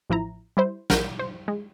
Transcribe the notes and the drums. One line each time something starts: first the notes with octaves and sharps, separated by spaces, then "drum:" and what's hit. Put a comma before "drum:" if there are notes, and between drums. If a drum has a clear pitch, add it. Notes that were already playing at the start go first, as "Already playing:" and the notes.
A1 F3 E4 A#5
G3 E4 C5
A#1 A#4 F#5 G6, drum: snare
C5
G#3